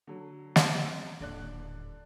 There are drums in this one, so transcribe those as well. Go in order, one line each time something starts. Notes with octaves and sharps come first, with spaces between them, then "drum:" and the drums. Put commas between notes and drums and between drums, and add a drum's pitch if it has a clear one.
D3 F#3
C4 G#5, drum: snare
D#1 A1 D3 D5 F#6